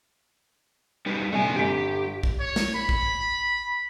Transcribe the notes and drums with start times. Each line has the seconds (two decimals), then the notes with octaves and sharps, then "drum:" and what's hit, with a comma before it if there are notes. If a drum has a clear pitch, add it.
1.06 G3 D#4 B4
1.32 A#1 C3 G3 A3 G#5
1.56 G1 G4 B6
2.23 drum: kick A#1
2.40 C#5
2.56 drum: snare
2.75 B5
2.89 drum: kick A#1